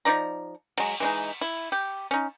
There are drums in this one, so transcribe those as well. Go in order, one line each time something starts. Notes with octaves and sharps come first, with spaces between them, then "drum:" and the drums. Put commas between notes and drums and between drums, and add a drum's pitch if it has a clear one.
F3 D#4 D5 A#5
F#3 G#3, drum: cymbal
E3 G#3 D#4
E4
G4
C#4 D#4